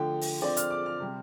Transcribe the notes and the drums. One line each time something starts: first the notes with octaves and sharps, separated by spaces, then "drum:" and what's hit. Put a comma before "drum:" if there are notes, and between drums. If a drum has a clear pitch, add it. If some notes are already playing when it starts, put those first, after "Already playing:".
Already playing: D3 F3 A3 G5
drum: open hi-hat
D3 F3 C4 D5
F6, drum: hi-hat
D6
F6
C3 G3 C4